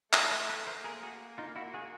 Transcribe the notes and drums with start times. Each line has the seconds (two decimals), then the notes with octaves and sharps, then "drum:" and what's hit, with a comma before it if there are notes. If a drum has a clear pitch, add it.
0.13 A3 G#4 A#4, drum: clap
0.31 A4 B4
0.49 A4 B4
0.67 A#4 C5
0.84 A#3 G#4 A#4
1.03 F#4 G#4
1.38 D#4 F4
1.56 E4 F#4
1.74 F#4 G#4